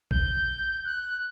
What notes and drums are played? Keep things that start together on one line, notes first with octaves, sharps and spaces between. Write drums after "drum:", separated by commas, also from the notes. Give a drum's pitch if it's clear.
G6, drum: kick A#1
F#6